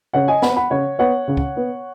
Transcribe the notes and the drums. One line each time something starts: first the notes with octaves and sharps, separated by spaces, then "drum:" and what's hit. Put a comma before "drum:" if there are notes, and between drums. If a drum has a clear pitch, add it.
C#3 C#5 F#5
D#5 G#5
B3 F#5 B5, drum: snare
F#5 B5
C#3 C#5 F#5
B3 C#5 F#5
C#3
drum: kick
B3